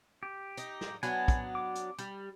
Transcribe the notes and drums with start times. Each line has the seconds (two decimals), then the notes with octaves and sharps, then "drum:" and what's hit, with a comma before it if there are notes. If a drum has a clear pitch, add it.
0.23 G4
0.57 D#4, drum: hi-hat
0.81 drum: snare
1.03 F#3 B3 D4 G#5, drum: hi-hat
1.28 drum: kick, hi-hat
1.55 D6
1.75 drum: hi-hat
1.99 G3, drum: hi-hat